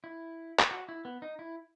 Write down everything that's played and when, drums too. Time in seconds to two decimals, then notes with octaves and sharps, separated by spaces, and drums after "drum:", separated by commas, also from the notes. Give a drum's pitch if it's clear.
0.04 E4
0.59 drum: clap
0.71 F#4
0.89 E4
1.05 B3
1.22 D#4
1.39 E4